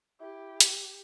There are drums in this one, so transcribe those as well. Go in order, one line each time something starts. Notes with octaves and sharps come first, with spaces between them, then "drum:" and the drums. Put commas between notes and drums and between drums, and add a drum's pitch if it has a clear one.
E4 G4
drum: hi-hat